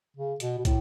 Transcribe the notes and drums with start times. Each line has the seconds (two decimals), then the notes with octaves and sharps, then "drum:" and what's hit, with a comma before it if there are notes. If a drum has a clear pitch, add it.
0.17 C#3
0.40 B2, drum: hi-hat
0.59 B2
0.65 A2, drum: kick, hi-hat